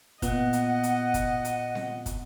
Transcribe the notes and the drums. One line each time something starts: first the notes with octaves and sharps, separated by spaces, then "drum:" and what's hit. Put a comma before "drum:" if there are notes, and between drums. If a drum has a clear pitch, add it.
A#2 B3 F4 D#5 F#5, drum: kick, hi-hat
drum: hi-hat
drum: hi-hat
drum: kick, hi-hat
drum: hi-hat
drum: snare C4
drum: kick, hi-hat